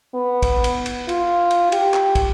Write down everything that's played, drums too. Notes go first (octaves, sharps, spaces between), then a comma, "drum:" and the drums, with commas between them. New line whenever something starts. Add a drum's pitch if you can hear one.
B3
drum: kick, cymbal
drum: cymbal
drum: cymbal
F4, drum: cymbal
drum: cymbal
G4, drum: cymbal
drum: clap
drum: kick, cymbal